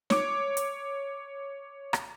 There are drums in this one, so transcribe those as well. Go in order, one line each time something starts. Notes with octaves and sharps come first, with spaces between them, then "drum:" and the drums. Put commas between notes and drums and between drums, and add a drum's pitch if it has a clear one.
C#5 D6, drum: snare
drum: hi-hat
drum: rim click